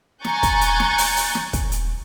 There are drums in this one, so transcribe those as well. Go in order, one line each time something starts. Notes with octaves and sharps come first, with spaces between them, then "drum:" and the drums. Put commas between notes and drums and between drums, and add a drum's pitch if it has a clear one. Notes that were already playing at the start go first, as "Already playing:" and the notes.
G#5 A#5 C#6 F#6 G6 A6, drum: snare
drum: kick, hi-hat
drum: hi-hat
drum: snare
drum: open hi-hat
drum: open hi-hat
drum: snare
drum: kick, hi-hat
drum: hi-hat